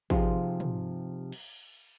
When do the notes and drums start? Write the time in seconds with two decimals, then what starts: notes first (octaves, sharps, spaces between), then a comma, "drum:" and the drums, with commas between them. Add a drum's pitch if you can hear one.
0.10 C3 F3 D#4 F4 G4 G#4, drum: kick
0.60 drum: tom
1.32 drum: cymbal